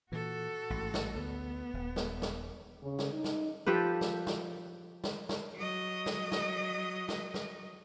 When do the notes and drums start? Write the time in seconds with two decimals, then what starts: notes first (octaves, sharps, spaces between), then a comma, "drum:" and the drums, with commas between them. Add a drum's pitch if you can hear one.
0.12 A#2 E3 F#4 A4
0.70 A1 G#2
0.94 drum: snare
1.15 D2 B3
1.73 D#1
1.96 drum: snare
2.22 drum: snare
2.82 C#3
2.99 drum: snare
3.13 D#4
3.24 drum: snare
3.66 F3 G4 A4 B4
4.01 drum: snare
4.27 drum: snare
5.04 drum: snare
5.29 drum: snare
5.55 F#3 D#5
6.06 drum: snare
6.32 drum: snare
7.09 drum: snare
7.34 drum: snare